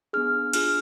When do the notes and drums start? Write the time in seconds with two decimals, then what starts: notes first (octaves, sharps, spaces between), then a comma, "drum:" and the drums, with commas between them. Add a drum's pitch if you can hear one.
0.13 B3 D4 G#4 F6
0.53 D4 F4 G#4 F6, drum: cymbal